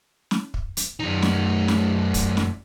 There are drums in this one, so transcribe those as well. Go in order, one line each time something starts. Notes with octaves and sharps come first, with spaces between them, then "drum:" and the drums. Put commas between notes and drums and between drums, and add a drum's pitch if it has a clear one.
drum: snare
drum: kick
drum: hi-hat
F#2 D#4
drum: snare
drum: snare
drum: kick, hi-hat
drum: snare